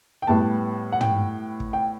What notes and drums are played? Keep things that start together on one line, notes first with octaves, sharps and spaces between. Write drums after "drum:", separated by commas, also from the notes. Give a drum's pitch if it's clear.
G5
A2 G3 B3 A5
F#5
G5, drum: tom
drum: kick
G5